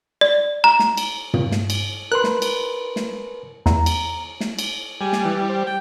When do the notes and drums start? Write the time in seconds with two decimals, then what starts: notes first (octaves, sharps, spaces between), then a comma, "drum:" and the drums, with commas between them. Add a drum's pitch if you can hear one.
0.21 D5
0.64 A#5
0.79 drum: snare
0.97 drum: cymbal
1.34 drum: tom
1.52 drum: snare
1.70 drum: cymbal
2.12 A#4 B4 C6 F#6
2.24 drum: snare
2.42 drum: cymbal
2.96 drum: snare
3.66 E2 A#5, drum: snare
3.86 drum: cymbal
4.40 drum: snare
4.59 drum: cymbal
5.01 G3 G#5
5.13 drum: snare
5.25 E3
5.49 C5
5.67 G5